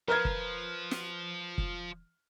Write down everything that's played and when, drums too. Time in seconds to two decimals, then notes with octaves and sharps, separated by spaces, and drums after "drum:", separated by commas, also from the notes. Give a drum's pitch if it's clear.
0.08 F3 A#4 B4 F6 G#6
0.25 drum: kick
0.91 drum: snare
1.58 drum: kick